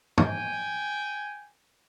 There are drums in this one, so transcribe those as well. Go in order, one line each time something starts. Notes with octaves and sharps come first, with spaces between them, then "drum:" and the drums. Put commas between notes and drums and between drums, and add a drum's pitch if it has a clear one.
G5 G#5, drum: tom